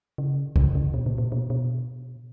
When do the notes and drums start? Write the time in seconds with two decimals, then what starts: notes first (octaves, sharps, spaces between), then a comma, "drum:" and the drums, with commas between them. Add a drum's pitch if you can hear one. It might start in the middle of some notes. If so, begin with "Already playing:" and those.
0.18 C#3
0.56 C#3, drum: kick C2
0.75 C#3
0.94 B2
1.06 A#2
1.18 A#2
1.32 B2
1.50 B2